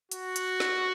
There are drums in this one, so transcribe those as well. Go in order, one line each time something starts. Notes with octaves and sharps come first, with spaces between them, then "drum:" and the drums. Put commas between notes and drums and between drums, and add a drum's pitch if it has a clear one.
F#4, drum: hi-hat
drum: hi-hat
drum: snare